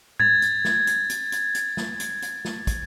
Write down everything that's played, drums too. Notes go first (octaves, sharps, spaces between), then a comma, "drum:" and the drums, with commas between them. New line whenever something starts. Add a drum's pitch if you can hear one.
G#6 A6, drum: tom A2
drum: hi-hat
drum: snare
drum: hi-hat
drum: hi-hat
drum: hi-hat
drum: hi-hat
drum: snare
drum: hi-hat
drum: hi-hat
drum: snare
drum: kick, hi-hat